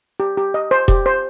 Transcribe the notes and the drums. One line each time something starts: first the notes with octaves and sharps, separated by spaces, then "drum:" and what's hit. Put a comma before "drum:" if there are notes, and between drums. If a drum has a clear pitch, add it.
G4
G4
D#5
C5
G4, drum: kick E1
C5